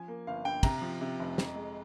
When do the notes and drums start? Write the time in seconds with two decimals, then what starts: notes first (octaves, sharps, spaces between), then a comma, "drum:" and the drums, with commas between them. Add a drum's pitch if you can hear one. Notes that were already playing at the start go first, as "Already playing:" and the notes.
Already playing: F3 G#5
0.08 A#3
0.27 G1 F5
0.45 G2 G5
0.63 C3 A#5, drum: kick, cymbal
0.82 F3
1.01 C3
1.19 F1
1.38 F2, drum: snare
1.56 G#3